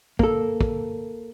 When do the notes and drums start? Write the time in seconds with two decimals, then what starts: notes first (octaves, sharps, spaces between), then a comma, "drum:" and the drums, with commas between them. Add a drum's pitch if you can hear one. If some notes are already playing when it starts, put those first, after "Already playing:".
0.19 A#3 A4, drum: kick
0.61 drum: kick